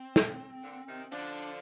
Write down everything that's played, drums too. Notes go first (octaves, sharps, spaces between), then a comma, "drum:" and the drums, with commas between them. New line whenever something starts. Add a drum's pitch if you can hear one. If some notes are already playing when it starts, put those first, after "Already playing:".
Already playing: C4
D3 F3, drum: snare
A#2 D3
C3 D#3
D3 F3 D4